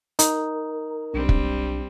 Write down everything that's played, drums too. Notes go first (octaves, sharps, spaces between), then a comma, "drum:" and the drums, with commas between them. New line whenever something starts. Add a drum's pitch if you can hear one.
D#4 A#4, drum: hi-hat
B1 G3 C4 D4
drum: kick